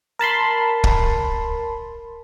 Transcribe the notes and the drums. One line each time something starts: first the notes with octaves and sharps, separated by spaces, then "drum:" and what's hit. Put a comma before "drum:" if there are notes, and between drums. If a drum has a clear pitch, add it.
A#4 A5 B5 C6
drum: kick